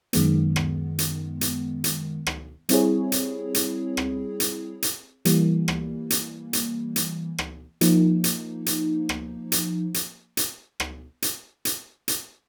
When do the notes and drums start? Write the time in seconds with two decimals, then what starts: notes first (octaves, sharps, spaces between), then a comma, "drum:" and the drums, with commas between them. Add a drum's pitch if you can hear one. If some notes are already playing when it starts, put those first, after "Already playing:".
0.13 F#2 D#3 G#3 B3, drum: hi-hat
0.56 drum: rim click
0.99 drum: hi-hat
1.41 drum: hi-hat
1.84 drum: hi-hat
2.26 drum: rim click
2.69 G3 C4 E4 G#4 C#5, drum: hi-hat
3.12 drum: hi-hat
3.54 drum: hi-hat
3.97 drum: rim click
4.40 drum: hi-hat
4.82 drum: hi-hat
5.25 E3 G3 A#3, drum: hi-hat
5.68 drum: rim click
6.10 drum: hi-hat
6.53 drum: hi-hat
6.96 drum: hi-hat
7.38 drum: rim click
7.81 F3 A#3 D#4, drum: hi-hat
8.24 drum: hi-hat
8.66 drum: hi-hat
9.09 drum: rim click
9.52 drum: hi-hat
9.94 drum: hi-hat
10.37 drum: hi-hat
10.80 drum: rim click
11.22 drum: hi-hat
11.65 drum: hi-hat
12.08 drum: hi-hat